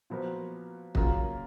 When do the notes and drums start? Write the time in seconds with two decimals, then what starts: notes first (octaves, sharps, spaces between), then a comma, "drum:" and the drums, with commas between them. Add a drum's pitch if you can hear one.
0.10 A#2 F3 B3 F#4 A#4
0.95 C#3 F#3 A#3 F4 A#4, drum: kick